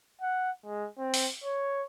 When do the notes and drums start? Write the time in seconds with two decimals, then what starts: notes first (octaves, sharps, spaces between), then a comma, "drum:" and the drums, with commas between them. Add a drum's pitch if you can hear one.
0.21 F#5
0.65 G#3
0.98 C4
1.14 drum: open hi-hat
1.44 C#5